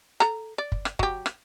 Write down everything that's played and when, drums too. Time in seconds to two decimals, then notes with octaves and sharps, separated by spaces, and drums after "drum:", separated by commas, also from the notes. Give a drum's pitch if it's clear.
0.20 A4 A#5, drum: rim click
0.58 D5
0.72 drum: kick
0.85 drum: rim click
0.99 F#3 G4, drum: kick
1.26 drum: rim click